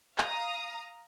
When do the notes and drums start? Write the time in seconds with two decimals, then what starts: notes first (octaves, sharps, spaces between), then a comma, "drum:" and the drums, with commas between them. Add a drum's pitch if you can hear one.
0.18 F5 A#5 D#6, drum: clap